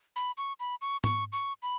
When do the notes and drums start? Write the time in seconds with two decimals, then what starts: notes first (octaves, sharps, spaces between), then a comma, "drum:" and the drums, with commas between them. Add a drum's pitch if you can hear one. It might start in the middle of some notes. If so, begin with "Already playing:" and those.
0.16 B5
0.38 C#6
0.60 B5
0.81 C#6
1.04 C#6, drum: tom G#2
1.32 C#6
1.63 B5